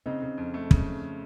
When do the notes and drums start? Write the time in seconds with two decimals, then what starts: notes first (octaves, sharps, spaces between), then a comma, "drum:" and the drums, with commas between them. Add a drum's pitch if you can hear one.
0.06 C#3 C4 D#4
0.22 C#3
0.37 F2
0.54 A3
0.71 C#3, drum: kick